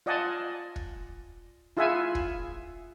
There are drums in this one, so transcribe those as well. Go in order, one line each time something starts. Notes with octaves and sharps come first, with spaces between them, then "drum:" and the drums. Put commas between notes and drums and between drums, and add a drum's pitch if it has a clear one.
F4 D5 D#5 F#5 G#5 A5
drum: kick
E4 F4 G#4 E5 F#5 G#5
drum: kick